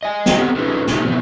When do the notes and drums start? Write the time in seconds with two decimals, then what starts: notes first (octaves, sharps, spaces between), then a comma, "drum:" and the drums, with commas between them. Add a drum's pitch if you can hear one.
0.03 D#5 G#5
0.26 drum: snare
0.37 B3 C4 A4 F#5
0.56 C#4 D#4 F4 G#4 A4 B4
0.87 A#2 A3 D#4 F4, drum: snare
1.02 B2 E3 F3 A3 B3 C4